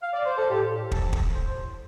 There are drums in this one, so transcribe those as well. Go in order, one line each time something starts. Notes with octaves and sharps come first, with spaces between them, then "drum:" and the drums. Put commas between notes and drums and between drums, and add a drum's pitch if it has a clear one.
F5
D5
C5
A4
A2 G4
F3 A4, drum: kick
drum: kick
A2 C5